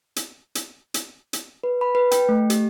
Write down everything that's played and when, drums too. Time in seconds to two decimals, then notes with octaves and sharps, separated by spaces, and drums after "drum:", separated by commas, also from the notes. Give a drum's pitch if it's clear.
0.16 drum: hi-hat
0.55 drum: hi-hat
0.94 drum: hi-hat
1.33 drum: hi-hat
1.64 B4
1.81 B5
1.95 B4
2.11 G5, drum: hi-hat
2.29 A3
2.50 G4, drum: hi-hat